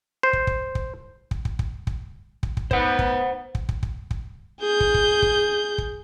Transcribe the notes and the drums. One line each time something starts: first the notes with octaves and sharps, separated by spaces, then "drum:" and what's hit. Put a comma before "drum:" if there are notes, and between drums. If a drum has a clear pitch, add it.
C5
drum: kick
drum: kick
drum: kick
drum: kick
drum: kick
drum: kick
drum: kick
drum: kick
drum: kick
B3 C5 F#5, drum: kick
drum: kick
drum: kick
drum: kick
drum: kick
drum: kick
G#4 G6
drum: kick
drum: kick
drum: kick
drum: kick